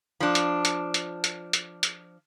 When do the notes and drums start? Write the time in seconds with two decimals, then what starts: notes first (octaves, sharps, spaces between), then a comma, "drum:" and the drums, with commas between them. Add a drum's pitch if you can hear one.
0.20 F3 D4
0.35 drum: hi-hat
0.65 drum: hi-hat
0.94 drum: hi-hat
1.24 drum: hi-hat
1.53 drum: hi-hat
1.83 drum: hi-hat